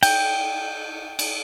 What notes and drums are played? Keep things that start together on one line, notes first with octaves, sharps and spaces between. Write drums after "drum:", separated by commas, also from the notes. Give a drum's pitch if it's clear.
G5, drum: cymbal
drum: cymbal